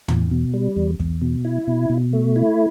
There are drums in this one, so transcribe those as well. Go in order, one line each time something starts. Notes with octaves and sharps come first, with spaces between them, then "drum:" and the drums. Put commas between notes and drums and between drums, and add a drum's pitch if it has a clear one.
E2, drum: tom
B2
G3
E2
E2, drum: kick
B2
E4
B2
B2
A3
E4